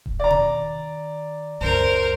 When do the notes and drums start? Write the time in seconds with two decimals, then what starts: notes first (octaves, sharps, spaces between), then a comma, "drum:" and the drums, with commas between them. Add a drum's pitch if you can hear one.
0.06 drum: kick D#1
0.20 D#3 D5 A#5
0.30 drum: tom B2
1.61 C#2 F#2 A#4 C5